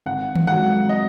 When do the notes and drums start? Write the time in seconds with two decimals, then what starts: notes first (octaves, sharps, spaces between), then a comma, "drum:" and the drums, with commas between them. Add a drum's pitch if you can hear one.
0.06 G#1 F#5
0.35 drum: tom D#3
0.47 G#2 F#3 F#5
0.89 D#5